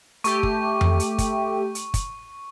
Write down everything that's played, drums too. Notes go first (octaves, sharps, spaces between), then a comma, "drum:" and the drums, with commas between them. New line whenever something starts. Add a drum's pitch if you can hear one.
A3 G4 C#6, drum: hi-hat
drum: kick
drum: tom F2
drum: hi-hat
drum: kick, hi-hat
drum: hi-hat
drum: kick, hi-hat